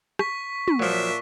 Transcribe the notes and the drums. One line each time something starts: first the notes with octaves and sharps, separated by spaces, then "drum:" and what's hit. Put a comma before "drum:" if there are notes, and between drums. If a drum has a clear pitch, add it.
C#6 B6, drum: rim click
drum: tom
A#2 F3 F#3 D4 E5